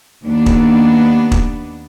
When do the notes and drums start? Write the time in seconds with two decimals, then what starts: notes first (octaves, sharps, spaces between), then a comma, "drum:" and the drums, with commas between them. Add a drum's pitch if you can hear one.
0.25 D#2 B3 D4
0.46 drum: kick
1.32 drum: kick